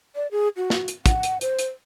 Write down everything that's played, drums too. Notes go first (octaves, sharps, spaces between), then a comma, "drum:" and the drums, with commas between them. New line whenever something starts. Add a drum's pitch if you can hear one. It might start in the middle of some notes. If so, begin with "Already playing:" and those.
D5
G#4
F#4
drum: snare
drum: hi-hat
F#5, drum: kick, hi-hat
drum: hi-hat
C5, drum: hi-hat
drum: hi-hat